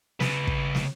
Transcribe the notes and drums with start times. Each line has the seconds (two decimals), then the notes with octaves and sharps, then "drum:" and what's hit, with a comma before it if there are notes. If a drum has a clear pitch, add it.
0.20 C#3 B4, drum: snare
0.47 drum: kick
0.75 drum: snare